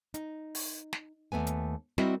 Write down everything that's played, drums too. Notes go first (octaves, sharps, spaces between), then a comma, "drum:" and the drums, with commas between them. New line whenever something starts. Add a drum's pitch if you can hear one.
D#4, drum: hi-hat
drum: open hi-hat
drum: snare
D#2 A3 B3 G#5
drum: hi-hat
G3 C4 E4 F#4 A#4 D#5, drum: snare